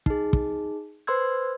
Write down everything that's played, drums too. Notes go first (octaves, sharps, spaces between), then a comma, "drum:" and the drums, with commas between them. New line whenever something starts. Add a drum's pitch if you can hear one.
D#4 G#4, drum: kick
drum: kick
B4 C5 C6 E6 G#6